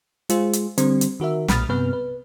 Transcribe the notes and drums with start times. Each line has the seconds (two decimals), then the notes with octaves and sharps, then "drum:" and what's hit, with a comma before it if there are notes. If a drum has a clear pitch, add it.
0.29 G#3 F4 G#4 C5, drum: hi-hat
0.53 drum: hi-hat
0.78 D3 G3 C4 C5, drum: hi-hat
1.01 drum: hi-hat
1.20 D#3 F#4 A#4 E5
1.48 B1 A#2 B5 D#6 F6 A6, drum: snare
1.69 G2 C3 B3 B4 F6
1.93 B4